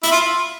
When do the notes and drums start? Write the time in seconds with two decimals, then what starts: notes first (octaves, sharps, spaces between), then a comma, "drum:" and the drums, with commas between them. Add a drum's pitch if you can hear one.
0.03 E4, drum: hi-hat
0.11 F4